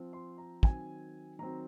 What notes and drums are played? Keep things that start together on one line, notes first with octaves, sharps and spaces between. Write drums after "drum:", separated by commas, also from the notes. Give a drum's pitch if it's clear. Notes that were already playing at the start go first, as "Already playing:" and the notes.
Already playing: F3 C4
C6
A#5
D#3 F#3 C4 G#5, drum: kick
D#3 F#3 C4 A#5